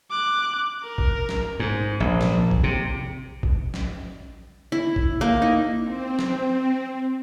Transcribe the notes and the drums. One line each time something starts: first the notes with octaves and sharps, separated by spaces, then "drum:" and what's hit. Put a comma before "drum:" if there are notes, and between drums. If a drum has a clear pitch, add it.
D6 F#6
A#4
drum: kick A#1
drum: snare
G#2
A#1
drum: snare
drum: kick A#1
C3
drum: kick A#1
drum: snare
E4
drum: kick A#1
A#3
D#4
C4
drum: snare